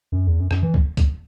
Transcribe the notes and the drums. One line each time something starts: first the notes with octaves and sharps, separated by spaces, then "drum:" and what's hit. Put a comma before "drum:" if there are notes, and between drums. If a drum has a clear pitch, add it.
F#2
E2
F#2
F#2, drum: rim click
E3
drum: kick
drum: kick, hi-hat